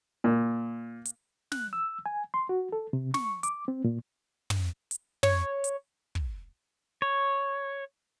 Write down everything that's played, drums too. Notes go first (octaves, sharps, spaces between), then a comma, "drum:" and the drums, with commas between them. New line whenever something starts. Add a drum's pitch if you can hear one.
A#2
drum: hi-hat
F#6, drum: snare
E6
G#5
C6
F#4
A4
C3
C#6, drum: snare
D6, drum: hi-hat
C4
A#2
drum: tom
drum: hi-hat
C#5, drum: tom
drum: hi-hat
drum: kick
C#5